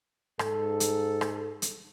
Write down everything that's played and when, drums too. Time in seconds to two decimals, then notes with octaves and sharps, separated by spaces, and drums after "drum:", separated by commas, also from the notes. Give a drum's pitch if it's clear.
0.39 G#2 A4, drum: rim click
0.80 drum: hi-hat
1.21 drum: rim click
1.62 drum: hi-hat